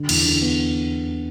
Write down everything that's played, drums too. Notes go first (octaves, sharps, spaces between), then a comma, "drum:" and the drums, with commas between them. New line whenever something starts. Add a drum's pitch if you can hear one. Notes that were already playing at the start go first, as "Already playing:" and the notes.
Already playing: D3
E2, drum: cymbal
D3
B3